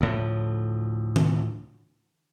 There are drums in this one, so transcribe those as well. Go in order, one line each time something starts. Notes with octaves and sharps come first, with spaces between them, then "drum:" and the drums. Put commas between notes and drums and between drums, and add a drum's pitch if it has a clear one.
D2 A2 F3
drum: tom D#3